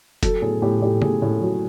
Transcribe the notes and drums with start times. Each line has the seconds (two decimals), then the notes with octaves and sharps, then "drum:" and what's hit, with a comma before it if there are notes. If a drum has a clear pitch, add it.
0.23 F#3 A4, drum: kick F1, hi-hat
0.42 A2 G#4
0.62 A2 G4
0.82 A2 G4
1.02 A2 G#4, drum: tom C#3
1.22 A2
1.42 F#3